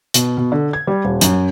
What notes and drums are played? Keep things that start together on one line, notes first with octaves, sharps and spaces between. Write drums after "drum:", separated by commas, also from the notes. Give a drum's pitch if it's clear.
B2, drum: hi-hat
B2
D3
G#6
G3
D#1
F#2, drum: hi-hat